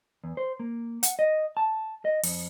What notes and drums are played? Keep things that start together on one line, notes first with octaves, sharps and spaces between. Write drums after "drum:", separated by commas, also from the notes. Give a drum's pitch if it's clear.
E2
C5
A#3
F#5, drum: hi-hat
D#5
A5
D#5
F2, drum: open hi-hat